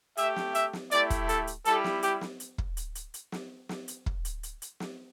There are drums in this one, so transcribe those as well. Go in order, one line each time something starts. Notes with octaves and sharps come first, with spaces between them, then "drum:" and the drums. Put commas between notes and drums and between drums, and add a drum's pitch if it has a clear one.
A3 G4 E5, drum: hi-hat
drum: snare
E5, drum: hi-hat
drum: snare
A3 E4 G4 D5, drum: hi-hat
drum: kick, hi-hat
A4, drum: hi-hat
drum: hi-hat
G3 E4 G4 A4, drum: hi-hat
drum: snare
G4, drum: hi-hat
drum: snare
drum: hi-hat
drum: kick
drum: hi-hat
drum: hi-hat
drum: hi-hat
drum: snare
drum: snare
drum: hi-hat
drum: kick
drum: hi-hat
drum: hi-hat
drum: hi-hat
drum: snare